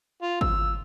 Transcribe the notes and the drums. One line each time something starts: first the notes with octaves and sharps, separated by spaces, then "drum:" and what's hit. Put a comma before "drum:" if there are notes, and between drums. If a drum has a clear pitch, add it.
F4
E6, drum: kick G1